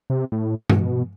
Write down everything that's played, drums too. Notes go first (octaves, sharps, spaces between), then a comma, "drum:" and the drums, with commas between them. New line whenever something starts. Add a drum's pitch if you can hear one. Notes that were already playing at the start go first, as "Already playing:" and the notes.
C3
A2
B2, drum: tom G2